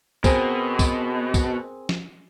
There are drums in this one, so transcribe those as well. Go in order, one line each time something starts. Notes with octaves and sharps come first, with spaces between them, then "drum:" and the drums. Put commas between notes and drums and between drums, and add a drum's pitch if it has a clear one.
B2 C4 G#4 A#4, drum: kick C2, tambourine
drum: kick C2, tambourine
drum: kick C2, tambourine
drum: snare